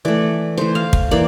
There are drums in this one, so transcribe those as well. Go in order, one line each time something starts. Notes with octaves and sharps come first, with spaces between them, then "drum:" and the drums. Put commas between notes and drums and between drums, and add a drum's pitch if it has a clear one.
E3 A3 D5
E3 A3 C5
F5
drum: kick
E3 A#3 D5